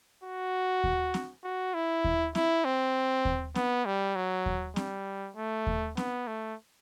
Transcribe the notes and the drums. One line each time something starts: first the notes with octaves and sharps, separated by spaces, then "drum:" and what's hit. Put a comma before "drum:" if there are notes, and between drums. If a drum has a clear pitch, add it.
F#4
drum: kick D#2
drum: snare C4
F#4
E4
drum: kick D#2
E4, drum: snare C4
C4
drum: kick D#2
B3, drum: snare C4
G3
F#3
drum: kick D#2
G3, drum: snare C4
A3
drum: kick D#2
B3, drum: snare C4
A3